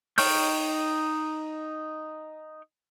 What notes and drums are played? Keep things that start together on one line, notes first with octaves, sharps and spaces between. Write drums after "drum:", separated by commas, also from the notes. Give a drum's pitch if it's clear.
D#4 G5 C#6 F6 G6, drum: open hi-hat